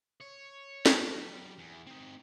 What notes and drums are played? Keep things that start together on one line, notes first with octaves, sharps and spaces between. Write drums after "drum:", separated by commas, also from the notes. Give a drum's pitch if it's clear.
C#5
drum: snare
A5
F#3 G3
E2
C4 D#4